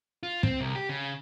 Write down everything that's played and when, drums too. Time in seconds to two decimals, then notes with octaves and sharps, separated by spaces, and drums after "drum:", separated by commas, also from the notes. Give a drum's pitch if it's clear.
0.23 F4
0.43 C4, drum: kick
0.61 C2
0.75 G4
0.89 C#3